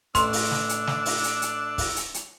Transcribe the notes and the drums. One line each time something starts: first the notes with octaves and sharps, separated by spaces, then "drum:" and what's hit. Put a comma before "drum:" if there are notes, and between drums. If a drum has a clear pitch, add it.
A1 D4 C6 E6, drum: kick, hi-hat
drum: open hi-hat
drum: snare
drum: hi-hat
drum: snare
drum: open hi-hat
drum: hi-hat
drum: hi-hat
drum: kick, open hi-hat
drum: hi-hat
drum: hi-hat